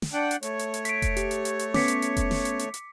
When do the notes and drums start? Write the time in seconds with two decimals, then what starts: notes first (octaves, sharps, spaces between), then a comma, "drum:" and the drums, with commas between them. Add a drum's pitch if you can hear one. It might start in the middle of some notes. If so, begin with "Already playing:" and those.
0.02 drum: snare
0.13 D4 F#5 G5
0.31 drum: hi-hat
0.43 A3 C#5, drum: hi-hat
0.59 drum: hi-hat
0.74 drum: hi-hat
0.85 B6 D7, drum: hi-hat
1.02 drum: kick F1, hi-hat
1.17 G4, drum: hi-hat
1.31 drum: hi-hat
1.45 drum: hi-hat
1.59 drum: hi-hat
1.74 B3 C#4 D6 B6 C#7, drum: snare
1.88 drum: hi-hat
2.02 drum: hi-hat
2.17 drum: kick F1, hi-hat
2.31 drum: snare
2.45 drum: hi-hat
2.59 drum: hi-hat
2.74 drum: hi-hat